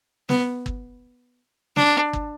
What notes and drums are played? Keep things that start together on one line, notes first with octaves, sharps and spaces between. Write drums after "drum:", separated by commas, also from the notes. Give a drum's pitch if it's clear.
B3, drum: snare
drum: kick
D4, drum: snare
drum: kick